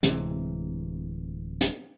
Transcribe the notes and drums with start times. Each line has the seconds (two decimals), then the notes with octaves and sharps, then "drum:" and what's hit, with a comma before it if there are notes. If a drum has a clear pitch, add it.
0.03 D1 C3 E3 G#3, drum: hi-hat
1.61 drum: hi-hat